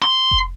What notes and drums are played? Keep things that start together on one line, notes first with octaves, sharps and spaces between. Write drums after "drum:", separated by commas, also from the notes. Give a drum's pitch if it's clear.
C6
drum: kick F1